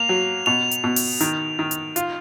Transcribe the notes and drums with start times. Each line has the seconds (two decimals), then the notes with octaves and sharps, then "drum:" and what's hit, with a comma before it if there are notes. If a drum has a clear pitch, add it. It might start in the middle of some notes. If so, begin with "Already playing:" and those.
Already playing: A#3 F7
0.09 F#3
0.46 B2 F7
0.71 drum: hi-hat
0.84 B2
0.96 drum: open hi-hat
1.21 D#3, drum: hi-hat
1.59 D#3
1.71 drum: hi-hat
1.96 F4, drum: hi-hat